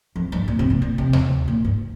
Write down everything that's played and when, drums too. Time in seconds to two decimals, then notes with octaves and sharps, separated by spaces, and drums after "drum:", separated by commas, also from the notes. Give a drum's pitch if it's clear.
0.16 F2
0.32 G2
0.48 A#2
0.59 C3
0.70 A#2
0.82 A#2
0.98 C3
1.13 drum: tom D#2
1.48 A#2
1.65 G2